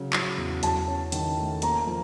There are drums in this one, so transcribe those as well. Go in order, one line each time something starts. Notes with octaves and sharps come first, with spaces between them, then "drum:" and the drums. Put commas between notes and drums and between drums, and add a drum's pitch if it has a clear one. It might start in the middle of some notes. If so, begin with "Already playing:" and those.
Already playing: C#3 F#3
F#3, drum: clap
E2
F#3 A5, drum: hi-hat
C#4
D#3, drum: hi-hat
A3
A#3 A#5, drum: hi-hat
F3